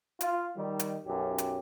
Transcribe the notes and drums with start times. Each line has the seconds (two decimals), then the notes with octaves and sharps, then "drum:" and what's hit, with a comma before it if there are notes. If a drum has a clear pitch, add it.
0.21 F4, drum: hi-hat
0.56 D#3 G3
0.79 drum: hi-hat
1.06 B1 F#2 C#4 G4
1.38 drum: hi-hat